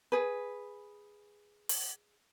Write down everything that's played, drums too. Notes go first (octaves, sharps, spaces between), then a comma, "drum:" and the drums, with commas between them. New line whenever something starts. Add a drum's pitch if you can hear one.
G#4 B4
drum: open hi-hat